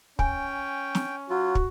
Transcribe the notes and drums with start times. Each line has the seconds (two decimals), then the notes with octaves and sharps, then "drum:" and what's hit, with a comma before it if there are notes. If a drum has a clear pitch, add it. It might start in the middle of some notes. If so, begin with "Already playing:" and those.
0.19 C#4 G5 G#5, drum: kick
0.95 drum: snare
1.30 F#3 F4 F#4
1.55 drum: kick